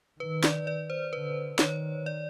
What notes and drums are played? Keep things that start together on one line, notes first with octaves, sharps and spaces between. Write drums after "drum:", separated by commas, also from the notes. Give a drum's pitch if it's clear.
D#3 B4
D5, drum: snare
D5
C5
D3 B4
D#3 C#5, drum: snare
D5